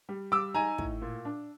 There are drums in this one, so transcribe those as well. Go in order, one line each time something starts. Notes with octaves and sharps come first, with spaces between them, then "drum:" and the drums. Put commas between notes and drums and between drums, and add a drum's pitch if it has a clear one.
G3
G3 D6 E6
D#4 G#5 A#5
A2, drum: kick
A#2
D4